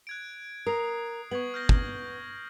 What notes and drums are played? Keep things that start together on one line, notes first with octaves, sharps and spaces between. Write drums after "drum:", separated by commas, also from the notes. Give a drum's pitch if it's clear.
F#6 G#6 D7
A#4 D#6 C7
B3 C#6 G#6 F#7
F6 G6 A#6
drum: kick